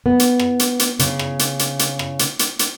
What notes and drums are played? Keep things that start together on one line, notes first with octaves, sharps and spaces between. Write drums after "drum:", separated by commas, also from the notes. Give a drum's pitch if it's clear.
B3
drum: hi-hat
drum: rim click
drum: hi-hat
drum: hi-hat
C#3, drum: hi-hat
drum: rim click
drum: hi-hat
drum: hi-hat
drum: hi-hat
drum: rim click
drum: hi-hat
drum: hi-hat
drum: hi-hat